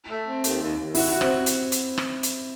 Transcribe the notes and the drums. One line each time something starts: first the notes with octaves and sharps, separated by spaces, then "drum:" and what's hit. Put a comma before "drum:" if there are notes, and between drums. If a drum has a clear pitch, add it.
A3
C4
D#2, drum: hi-hat
D#2
D#2
E4 F#4, drum: open hi-hat
F#4
C4, drum: rim click
drum: hi-hat
drum: hi-hat
drum: rim click
drum: hi-hat